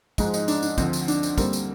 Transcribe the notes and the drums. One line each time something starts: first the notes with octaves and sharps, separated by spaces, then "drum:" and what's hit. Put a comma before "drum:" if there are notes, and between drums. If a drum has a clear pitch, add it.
G#2 F3 G#3 D#4, drum: kick, tambourine
D#4, drum: tambourine
D4, drum: tambourine
D4, drum: tambourine
D2 D3 F3 C4, drum: kick, tambourine
drum: tambourine
D4, drum: tambourine
drum: tambourine
D2 D3 G3 A#3 C4, drum: kick, tambourine
drum: tambourine